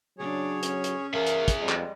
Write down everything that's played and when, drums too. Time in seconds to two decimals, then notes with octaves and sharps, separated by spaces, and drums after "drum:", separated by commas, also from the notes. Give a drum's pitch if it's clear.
0.19 C#3 F#3 D4 G#4 C#5
0.63 C#4, drum: hi-hat
0.84 drum: hi-hat
1.14 G#4 A#4 E5 F5
1.27 drum: hi-hat
1.48 drum: kick, hi-hat
1.60 F2 G3 G#3
1.69 drum: clap